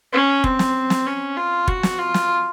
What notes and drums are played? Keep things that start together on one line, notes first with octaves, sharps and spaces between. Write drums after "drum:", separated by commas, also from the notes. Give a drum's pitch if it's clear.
C#4
C4, drum: kick
drum: snare
drum: snare
C#4
F4
F#4, drum: kick
drum: snare
F4
drum: snare